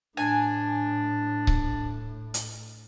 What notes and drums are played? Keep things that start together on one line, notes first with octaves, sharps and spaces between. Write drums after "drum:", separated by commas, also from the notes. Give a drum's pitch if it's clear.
A2 D4 G#5
drum: kick C#1
drum: hi-hat